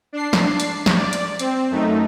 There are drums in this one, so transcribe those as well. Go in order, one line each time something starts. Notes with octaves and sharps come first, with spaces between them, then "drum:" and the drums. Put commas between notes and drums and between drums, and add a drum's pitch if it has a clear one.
D4 C7
drum: snare
drum: hi-hat
drum: snare
D5
drum: hi-hat
C4, drum: hi-hat
F#2 A3 D#4